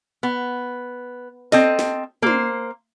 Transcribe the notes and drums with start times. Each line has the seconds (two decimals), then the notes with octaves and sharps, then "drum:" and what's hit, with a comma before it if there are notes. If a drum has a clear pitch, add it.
0.23 B3
1.52 C4 A4 D#5, drum: snare
1.79 drum: snare
2.22 A#3 C5, drum: tom